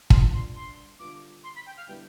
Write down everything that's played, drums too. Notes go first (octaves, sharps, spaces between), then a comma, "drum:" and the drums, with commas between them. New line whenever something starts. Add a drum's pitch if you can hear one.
G2 D3 F3 B3 F4 C6, drum: kick
C6
C6
D3 G3 B3 F4 D6
C6
B5
G5
F5
D3 G3 B3 E4 G5